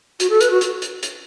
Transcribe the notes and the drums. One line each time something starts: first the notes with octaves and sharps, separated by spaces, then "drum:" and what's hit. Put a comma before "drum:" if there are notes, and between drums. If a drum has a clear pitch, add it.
F#4, drum: hi-hat
A4
B4, drum: hi-hat
F#4
drum: hi-hat
drum: hi-hat
drum: hi-hat